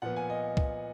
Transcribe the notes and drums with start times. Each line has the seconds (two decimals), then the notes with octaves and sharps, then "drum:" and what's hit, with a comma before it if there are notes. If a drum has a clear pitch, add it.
0.02 A#2 F3 B3 F#5
0.16 G#5
0.30 D#5
0.57 drum: kick C2